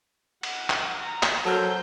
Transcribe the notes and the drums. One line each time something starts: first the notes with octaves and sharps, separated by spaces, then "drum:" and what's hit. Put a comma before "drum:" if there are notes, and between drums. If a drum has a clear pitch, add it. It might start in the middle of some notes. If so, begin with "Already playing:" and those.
F#5, drum: cymbal
drum: clap
A#5
drum: clap
F#3 A4 A#4 C5 G6